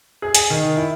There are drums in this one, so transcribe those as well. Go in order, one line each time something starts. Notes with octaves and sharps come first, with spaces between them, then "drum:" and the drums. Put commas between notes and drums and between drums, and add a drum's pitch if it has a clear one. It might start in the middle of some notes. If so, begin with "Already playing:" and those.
G#4
G#5, drum: hi-hat
D#3
E4